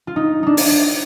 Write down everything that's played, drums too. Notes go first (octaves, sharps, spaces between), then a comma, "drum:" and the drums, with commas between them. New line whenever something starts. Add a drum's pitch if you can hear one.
F4
D#4
D4 D#4
drum: open hi-hat